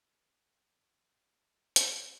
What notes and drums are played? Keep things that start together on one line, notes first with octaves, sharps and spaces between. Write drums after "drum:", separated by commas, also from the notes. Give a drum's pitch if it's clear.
A4
G#4
A4
B4
C#5
B4
drum: hi-hat